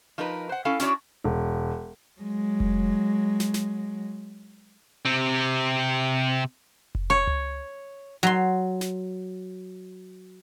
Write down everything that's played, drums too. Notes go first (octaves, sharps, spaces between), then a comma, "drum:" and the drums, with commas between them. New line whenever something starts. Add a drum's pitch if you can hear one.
F3 D#4 A#4 B4
C5 F#5
C#4 E4 A4 F5 G#5
C#4 D4 E4 F#4 C#5 D5, drum: snare
E1
F#3 G#3
drum: kick F1
drum: snare
drum: snare
C3 C4
drum: kick F1
C#5
drum: tom C#2
F#3 C6
drum: snare